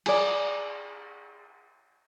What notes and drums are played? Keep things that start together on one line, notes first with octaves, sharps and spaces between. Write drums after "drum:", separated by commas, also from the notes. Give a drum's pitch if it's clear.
G#4 D5, drum: cymbal